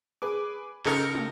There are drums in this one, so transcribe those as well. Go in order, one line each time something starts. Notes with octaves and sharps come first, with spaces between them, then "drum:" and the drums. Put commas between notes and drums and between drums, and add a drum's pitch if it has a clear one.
G#4 B4 G#5 D6
C#3 D#4 A4 A#4 C#7, drum: clap
drum: tom